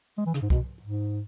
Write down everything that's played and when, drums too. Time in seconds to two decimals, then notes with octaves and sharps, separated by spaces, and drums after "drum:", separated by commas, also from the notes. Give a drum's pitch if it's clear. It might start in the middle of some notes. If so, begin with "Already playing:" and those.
0.18 G#3
0.26 E3
0.34 C#3, drum: rim click
0.42 G#2
0.50 B2, drum: kick
0.82 G#2